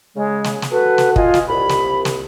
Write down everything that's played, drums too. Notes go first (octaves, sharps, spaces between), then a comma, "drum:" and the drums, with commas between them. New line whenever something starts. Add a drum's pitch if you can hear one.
C#3 G#3
drum: snare
drum: snare
F#4 A4 B4
drum: snare
F4 D#5 G#5, drum: kick
drum: snare
C2 B5
drum: snare
drum: snare